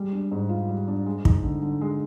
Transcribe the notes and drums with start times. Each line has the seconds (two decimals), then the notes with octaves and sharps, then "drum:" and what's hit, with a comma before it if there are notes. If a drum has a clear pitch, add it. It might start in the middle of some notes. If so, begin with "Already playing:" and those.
Already playing: G3 G#3
0.12 D4
0.31 G#2
0.49 F4
0.69 G3
0.88 D4
1.06 G#3
1.25 D#4, drum: kick
1.43 D3
1.62 D3
1.81 G#3